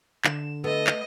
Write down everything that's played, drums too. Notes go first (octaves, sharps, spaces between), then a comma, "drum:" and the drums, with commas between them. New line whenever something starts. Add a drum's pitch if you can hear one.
D3 E7, drum: clap
A3 B3 A4 D#5
drum: clap